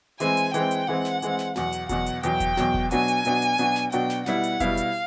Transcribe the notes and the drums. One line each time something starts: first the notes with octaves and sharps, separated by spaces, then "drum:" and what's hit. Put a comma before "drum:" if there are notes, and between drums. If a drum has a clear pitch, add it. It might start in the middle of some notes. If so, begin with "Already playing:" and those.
E3 G#3 C4 G#5, drum: hi-hat
drum: hi-hat
E3 G#3 C4 G5, drum: hi-hat
drum: hi-hat
E3 G#3 C4 F#5
drum: snare
E3 G#3 C4, drum: hi-hat
drum: snare
E2 B2 F#3 F#5, drum: snare
drum: hi-hat
E2 B2 F#3 F#5, drum: kick F1, hi-hat
drum: hi-hat
E2 B2 F#3 G5, drum: hi-hat
drum: kick F1, hi-hat
E2 B2 F#3, drum: snare
drum: kick F1
B2 F#3 B3 D4 F#4 G#5, drum: hi-hat
drum: hi-hat
B2 F#3 B3 D4 F#4, drum: hi-hat
drum: hi-hat
B2 F#3 B3 D4 F#4, drum: hi-hat
drum: snare
B2 F#3 B3 D4 F#4 G5, drum: hi-hat
drum: snare
B2 G3 B3 E4 F#5, drum: snare
drum: hi-hat
B2 G3 B3 E4 F5, drum: kick F1, hi-hat
drum: hi-hat